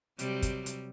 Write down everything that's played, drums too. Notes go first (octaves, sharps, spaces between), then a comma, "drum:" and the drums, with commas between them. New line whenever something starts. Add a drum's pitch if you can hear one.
C3 F#3 G3, drum: hi-hat
drum: kick, hi-hat
drum: hi-hat